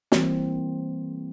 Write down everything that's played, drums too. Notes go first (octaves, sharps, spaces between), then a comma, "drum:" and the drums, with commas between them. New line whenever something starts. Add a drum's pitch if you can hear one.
E3 G3 A#3 C4, drum: snare